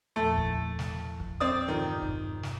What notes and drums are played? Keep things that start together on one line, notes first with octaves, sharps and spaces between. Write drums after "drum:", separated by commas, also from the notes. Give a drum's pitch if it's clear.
E2 A#2 F3 A3
drum: kick
drum: snare
drum: kick
C4 D5 D#6
G2 B2 D#3 F4
drum: kick
drum: snare